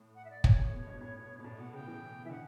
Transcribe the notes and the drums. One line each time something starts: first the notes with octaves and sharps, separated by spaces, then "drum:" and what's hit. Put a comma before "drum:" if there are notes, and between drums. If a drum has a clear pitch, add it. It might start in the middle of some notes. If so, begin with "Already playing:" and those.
Already playing: A2
F#5
E5
D5
C#5, drum: kick
A2
B2
G2
A2
B2
A2 D5
B2 F#5
C#3 G5
E3
E3 E5
D3 F#5